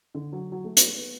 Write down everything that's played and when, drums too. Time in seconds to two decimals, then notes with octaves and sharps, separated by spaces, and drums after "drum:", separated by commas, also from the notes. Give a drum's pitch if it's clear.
0.15 D3
0.32 F#3
0.52 F#3
0.64 A3
0.77 B3, drum: hi-hat
0.86 A3
0.96 B3